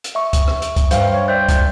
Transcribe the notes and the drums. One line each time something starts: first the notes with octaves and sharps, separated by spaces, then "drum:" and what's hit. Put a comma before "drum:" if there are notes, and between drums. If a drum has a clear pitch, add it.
drum: hi-hat
E5 C#6
drum: kick C#2, hi-hat
drum: rim click
drum: hi-hat
drum: kick C#2, hi-hat
G2 C5 F5 G5, drum: hi-hat
C#5
C5 D5 E5 G5 F#6 G6
drum: kick C#2, hi-hat